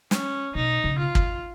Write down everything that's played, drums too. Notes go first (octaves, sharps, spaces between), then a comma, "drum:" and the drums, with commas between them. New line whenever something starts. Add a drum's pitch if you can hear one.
C#4, drum: snare
B2 D#4
C#3
F4
drum: kick